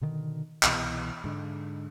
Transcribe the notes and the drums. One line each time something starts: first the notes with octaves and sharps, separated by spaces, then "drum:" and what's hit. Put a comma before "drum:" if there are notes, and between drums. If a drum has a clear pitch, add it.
B2 D3 D#3
C2 B2 D3 E3, drum: clap
G#2 D3